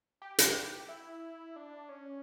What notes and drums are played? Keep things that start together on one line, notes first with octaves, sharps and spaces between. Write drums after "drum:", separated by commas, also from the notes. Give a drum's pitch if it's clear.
G4
drum: hi-hat
E4
D4
C#4